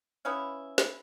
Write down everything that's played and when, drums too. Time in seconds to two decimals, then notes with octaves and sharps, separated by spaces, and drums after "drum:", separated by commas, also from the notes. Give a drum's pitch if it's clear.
0.25 B3 C#4 E4 F5
0.78 drum: snare